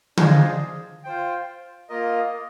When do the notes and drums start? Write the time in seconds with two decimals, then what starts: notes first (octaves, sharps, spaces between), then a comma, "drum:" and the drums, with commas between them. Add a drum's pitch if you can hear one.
0.17 D4 F4 G#4 C5 D#5, drum: tom D3
1.04 F4 C5 G5
1.89 A#3 F4 A#4 D#5